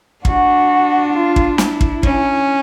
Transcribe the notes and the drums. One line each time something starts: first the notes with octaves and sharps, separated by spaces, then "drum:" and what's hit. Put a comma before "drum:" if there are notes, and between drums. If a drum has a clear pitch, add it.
D4 F#4, drum: kick
F4
drum: kick
E4, drum: snare
drum: kick
C#4, drum: kick